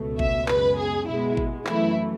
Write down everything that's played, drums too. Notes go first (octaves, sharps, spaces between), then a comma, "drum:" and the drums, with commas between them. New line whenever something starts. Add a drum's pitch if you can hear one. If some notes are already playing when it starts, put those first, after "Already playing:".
Already playing: C#2 B2 A3
E5, drum: kick G#1
F#2 C#3 G#3 B3 B4, drum: clap
G#4
B2 G#3 B3 E4
drum: kick G#1
F#2 E3 A3 E4, drum: clap